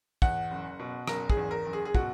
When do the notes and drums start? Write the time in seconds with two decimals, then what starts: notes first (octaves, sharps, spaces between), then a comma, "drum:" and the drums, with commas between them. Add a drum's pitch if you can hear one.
0.22 E2 F#5, drum: kick
0.51 F#1
0.80 B2
1.08 F#1 A#4, drum: rim click
1.30 G#4, drum: kick
1.37 E2
1.51 A#4
1.66 F#1
1.73 G#4
1.85 G#4
1.95 B2 F#4, drum: kick